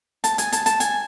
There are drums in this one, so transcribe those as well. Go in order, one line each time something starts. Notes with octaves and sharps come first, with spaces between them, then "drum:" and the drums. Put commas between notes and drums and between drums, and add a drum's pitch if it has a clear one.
A5, drum: hi-hat
G#5, drum: hi-hat
A5, drum: hi-hat
A5, drum: hi-hat
G#5, drum: hi-hat